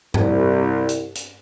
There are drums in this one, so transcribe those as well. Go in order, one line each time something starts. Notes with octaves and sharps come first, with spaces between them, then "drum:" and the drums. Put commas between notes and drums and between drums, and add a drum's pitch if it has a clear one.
C2, drum: tom G2
drum: hi-hat
drum: hi-hat